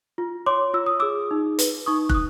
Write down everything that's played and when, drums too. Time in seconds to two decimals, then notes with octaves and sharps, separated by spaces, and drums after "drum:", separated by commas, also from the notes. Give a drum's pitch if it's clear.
0.18 F4
0.46 C#5 C6 D6
0.74 F4 E6
0.86 D#6
1.00 G#4 D6 E6
1.31 D#4
1.59 B4, drum: hi-hat
1.86 D#4 C#6 D#6
2.09 F#6, drum: kick
2.14 D#6